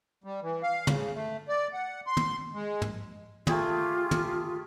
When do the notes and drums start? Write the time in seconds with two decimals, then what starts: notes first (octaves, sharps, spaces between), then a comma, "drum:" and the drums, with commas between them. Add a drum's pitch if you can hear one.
0.24 G3
0.42 E3
0.63 F5
0.87 C#3, drum: tom
1.15 A3
1.48 D5
1.73 F#5
2.07 C6
2.17 drum: tom
2.53 G#3
2.82 drum: tom
3.47 A3 F4 G4 G#4, drum: tom
4.11 drum: tom